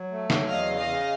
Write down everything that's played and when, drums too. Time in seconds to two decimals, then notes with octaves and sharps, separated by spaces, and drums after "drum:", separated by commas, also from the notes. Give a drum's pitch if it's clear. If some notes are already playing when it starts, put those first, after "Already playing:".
Already playing: F#3
0.11 A3
0.30 F#3, drum: snare
0.48 E2 D#5 F5
0.68 C#3
0.77 D#5 F5
0.86 C#3